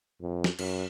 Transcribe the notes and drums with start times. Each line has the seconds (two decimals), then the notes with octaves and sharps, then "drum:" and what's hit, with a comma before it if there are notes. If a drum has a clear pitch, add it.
0.21 F2
0.44 drum: snare
0.59 F#2, drum: cymbal